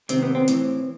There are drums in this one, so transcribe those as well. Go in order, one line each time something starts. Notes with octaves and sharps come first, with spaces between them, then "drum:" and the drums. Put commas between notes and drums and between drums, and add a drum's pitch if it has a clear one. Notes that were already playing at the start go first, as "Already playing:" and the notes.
C3 D#3 C4, drum: hi-hat
B3
C4
A2 E3, drum: hi-hat